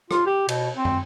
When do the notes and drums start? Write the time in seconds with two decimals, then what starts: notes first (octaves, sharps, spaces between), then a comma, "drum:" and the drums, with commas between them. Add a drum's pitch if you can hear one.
0.11 F4, drum: rim click
0.26 G4
0.49 B2, drum: cymbal
0.76 C4
0.85 drum: tom